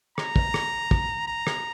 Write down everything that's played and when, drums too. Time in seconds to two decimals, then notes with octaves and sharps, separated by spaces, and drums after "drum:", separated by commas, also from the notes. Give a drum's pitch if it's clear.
0.18 A#5, drum: rim click
0.36 drum: kick
0.54 drum: rim click
0.91 drum: kick
1.28 A#5
1.47 drum: rim click